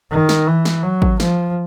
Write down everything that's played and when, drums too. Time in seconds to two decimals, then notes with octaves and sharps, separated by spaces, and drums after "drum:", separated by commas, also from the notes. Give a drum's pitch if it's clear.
0.11 D#3
0.29 drum: snare
0.48 E3
0.65 drum: snare
0.83 F#3
1.02 drum: kick G#1
1.20 F3, drum: snare